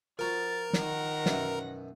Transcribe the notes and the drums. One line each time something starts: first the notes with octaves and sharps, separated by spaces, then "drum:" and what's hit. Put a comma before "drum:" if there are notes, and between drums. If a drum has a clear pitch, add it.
F3 F#4 A#4 A#5 A6
D#3 F#5 A#6, drum: snare
F#2 B2 E3, drum: snare